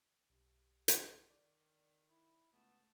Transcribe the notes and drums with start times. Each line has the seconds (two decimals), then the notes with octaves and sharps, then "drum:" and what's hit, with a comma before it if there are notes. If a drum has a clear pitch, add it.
0.30 B1 G2
0.88 drum: hi-hat
1.30 D#3 D5
2.09 E4
2.53 C#2 A3 B3